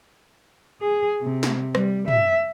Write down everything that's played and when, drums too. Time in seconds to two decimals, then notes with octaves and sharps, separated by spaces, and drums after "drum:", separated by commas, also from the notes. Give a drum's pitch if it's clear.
0.82 G#4
1.21 C3
1.43 drum: snare
1.75 G3, drum: rim click
2.08 E5, drum: tom